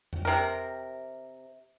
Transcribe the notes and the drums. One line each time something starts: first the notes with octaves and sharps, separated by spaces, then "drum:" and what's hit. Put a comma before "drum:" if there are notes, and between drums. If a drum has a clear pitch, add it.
drum: tom F2
C3 A#4